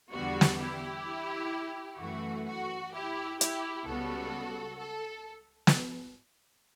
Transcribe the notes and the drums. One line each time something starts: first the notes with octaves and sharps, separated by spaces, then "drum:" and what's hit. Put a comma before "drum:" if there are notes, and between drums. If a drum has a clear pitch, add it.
E2 D3 G3 B3 F#4
drum: snare
E4 G4
F#2 E3 A3 F#4
F#4
E4 G4
E4 G4, drum: hi-hat
C#2 C#3 G3 B3 F#4 A4
A4
drum: snare